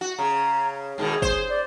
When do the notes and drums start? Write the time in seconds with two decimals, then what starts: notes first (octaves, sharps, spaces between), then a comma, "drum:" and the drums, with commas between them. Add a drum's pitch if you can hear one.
0.01 F#4
0.19 C#3 A#5
0.98 G#2 B2 D#3 G#4
1.22 C5, drum: kick
1.49 D5